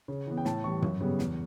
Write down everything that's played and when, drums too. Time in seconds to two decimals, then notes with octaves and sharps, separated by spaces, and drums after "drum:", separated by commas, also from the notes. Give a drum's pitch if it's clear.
0.08 C#3
0.26 E3 B3
0.37 G5
0.45 A2 A5, drum: snare
0.64 E3 G3 C#6
0.82 F#2, drum: tom
1.01 C#3 G3 B3
1.19 E2, drum: snare